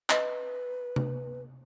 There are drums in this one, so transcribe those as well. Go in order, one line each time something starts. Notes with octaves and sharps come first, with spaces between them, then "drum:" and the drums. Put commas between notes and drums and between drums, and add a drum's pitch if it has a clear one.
B4 D#5, drum: clap
drum: tom C3